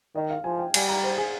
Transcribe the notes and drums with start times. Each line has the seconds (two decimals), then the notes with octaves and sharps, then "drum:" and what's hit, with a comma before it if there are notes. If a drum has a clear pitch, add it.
0.15 D#3 D#5
0.30 F5
0.44 F3 G#5
0.59 G5
0.74 G3 G#5, drum: cymbal
0.89 A#5
1.04 C5
1.18 G#4